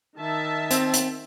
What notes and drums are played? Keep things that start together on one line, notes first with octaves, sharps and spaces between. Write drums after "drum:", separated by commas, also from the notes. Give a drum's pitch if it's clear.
D#3 E5 A5
C4, drum: hi-hat
drum: hi-hat